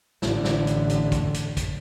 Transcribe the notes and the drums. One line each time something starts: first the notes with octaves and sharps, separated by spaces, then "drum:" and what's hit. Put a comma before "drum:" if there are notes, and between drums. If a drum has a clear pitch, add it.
A1 D3, drum: snare
drum: snare
drum: hi-hat
drum: hi-hat
drum: kick, hi-hat
drum: hi-hat
drum: kick, hi-hat